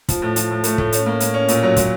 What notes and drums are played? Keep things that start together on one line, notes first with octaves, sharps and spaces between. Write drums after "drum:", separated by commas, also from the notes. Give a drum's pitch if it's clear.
F3, drum: kick, hi-hat
A2
F3, drum: hi-hat
A2
A3, drum: hi-hat
A2, drum: kick
C#4, drum: hi-hat
A#3
A#3, drum: hi-hat
C#4
A#2, drum: hi-hat
F#3
A#2, drum: kick, hi-hat